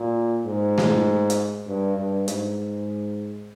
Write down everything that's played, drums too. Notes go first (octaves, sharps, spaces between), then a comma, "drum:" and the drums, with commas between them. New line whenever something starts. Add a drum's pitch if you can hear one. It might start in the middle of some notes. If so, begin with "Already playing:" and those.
Already playing: A#2
G#2
drum: snare A3
drum: hi-hat
G2
G2
G#2, drum: hi-hat